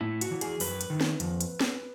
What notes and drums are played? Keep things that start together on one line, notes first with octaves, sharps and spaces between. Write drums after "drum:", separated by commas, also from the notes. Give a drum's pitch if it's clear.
A2 E4
F#4, drum: hi-hat
E3
G#4, drum: hi-hat
F#2 B4, drum: open hi-hat
drum: hi-hat
D#3
drum: snare
F2, drum: hi-hat
drum: hi-hat
drum: snare